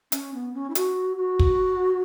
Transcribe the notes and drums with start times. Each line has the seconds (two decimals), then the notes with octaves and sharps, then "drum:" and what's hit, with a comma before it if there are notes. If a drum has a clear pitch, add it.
0.12 C#4, drum: hi-hat
0.34 B3
0.54 C#4
0.70 E4
0.75 F#4, drum: hi-hat
1.17 F#4
1.39 drum: kick